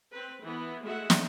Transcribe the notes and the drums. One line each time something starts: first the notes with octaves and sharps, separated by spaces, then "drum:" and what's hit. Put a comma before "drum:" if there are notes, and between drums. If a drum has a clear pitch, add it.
C4 B4
E3 B3
G#3 A3 F#4 E5 F#5
drum: snare